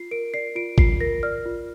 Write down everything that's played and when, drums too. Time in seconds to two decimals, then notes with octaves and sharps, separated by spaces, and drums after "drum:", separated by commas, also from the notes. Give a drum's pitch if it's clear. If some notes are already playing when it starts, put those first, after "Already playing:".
Already playing: F4 C7
0.11 A#4 D7
0.34 D5 C7
0.55 F4 D7
0.78 F4 C7, drum: kick
1.01 A#4 A#6
1.23 D5 F6
1.46 F4